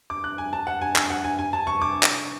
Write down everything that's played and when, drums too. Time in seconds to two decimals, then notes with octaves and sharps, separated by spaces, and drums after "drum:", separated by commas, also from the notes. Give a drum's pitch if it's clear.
0.10 D6
0.24 F#6
0.38 G#5
0.53 A5
0.67 F#5
0.81 G#5
0.96 G#5, drum: clap
1.10 F#5
1.24 G#5
1.39 G#5
1.53 A5
1.67 C#6
1.82 D6
2.03 drum: clap